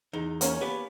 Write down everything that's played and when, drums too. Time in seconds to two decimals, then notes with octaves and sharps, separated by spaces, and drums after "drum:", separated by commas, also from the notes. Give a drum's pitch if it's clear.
0.13 E2 D#4
0.41 A#3 C#4 C#5, drum: hi-hat
0.61 B3 G4 B4